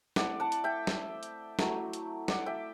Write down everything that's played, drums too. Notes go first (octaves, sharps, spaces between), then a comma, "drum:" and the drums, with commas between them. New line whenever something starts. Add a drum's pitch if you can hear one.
A3 C4 E4 D5 F#5, drum: snare
F#5 A5
drum: hi-hat
E5 G5
drum: snare
drum: hi-hat
F#3 A3 E4, drum: snare
drum: hi-hat
D5 F#5, drum: snare
E5 G5